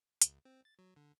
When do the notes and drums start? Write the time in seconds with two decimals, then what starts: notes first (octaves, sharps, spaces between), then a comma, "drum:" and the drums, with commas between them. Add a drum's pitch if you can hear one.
0.22 C#2, drum: hi-hat
0.45 C4
0.65 A6
0.79 F#3
0.96 D3